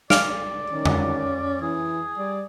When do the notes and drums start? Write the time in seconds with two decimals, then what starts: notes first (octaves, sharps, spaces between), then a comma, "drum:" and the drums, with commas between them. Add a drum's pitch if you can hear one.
0.10 D5 F5 D6 F6, drum: snare
0.70 D#3 C#4
0.85 drum: tom
1.61 E3 G#4
2.18 G3 D5